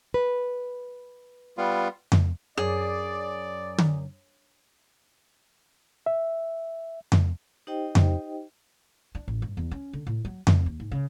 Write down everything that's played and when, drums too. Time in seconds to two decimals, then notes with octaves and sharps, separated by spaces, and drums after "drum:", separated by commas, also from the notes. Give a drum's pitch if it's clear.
0.14 B4
1.58 G3 B3 F4
2.12 drum: tom F2
2.58 F#2 G#4 D5
3.78 drum: tom D3
6.06 E5
7.12 drum: tom F2
7.67 D#4 G4 C5 D#5 G5
7.95 drum: tom F2
9.15 D4
9.28 A1
9.42 G2
9.57 E2
9.71 C#4
9.93 D3
10.07 A2
10.25 F#3
10.47 C4, drum: tom F2
10.66 D#2
10.80 G#2
10.91 C#3